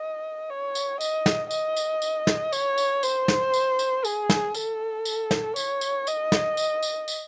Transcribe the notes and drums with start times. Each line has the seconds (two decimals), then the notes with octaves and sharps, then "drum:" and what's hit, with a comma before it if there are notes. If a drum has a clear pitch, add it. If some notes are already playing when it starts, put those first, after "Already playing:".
Already playing: D#5
0.50 C#5
0.75 drum: tambourine
1.01 D#5, drum: tambourine
1.26 drum: snare
1.51 D#5, drum: tambourine
1.76 drum: tambourine
2.02 drum: tambourine
2.27 drum: snare
2.53 C#5, drum: tambourine
2.78 drum: tambourine
3.03 C5, drum: tambourine
3.28 drum: snare
3.54 drum: tambourine
3.79 drum: tambourine
4.05 G#4, drum: tambourine
4.29 drum: snare
4.54 A4, drum: tambourine
5.05 drum: tambourine
5.31 drum: snare
5.56 C#5, drum: tambourine
5.81 drum: tambourine
6.07 D#5, drum: tambourine
6.32 drum: snare
6.57 drum: tambourine
6.83 drum: tambourine
7.08 drum: tambourine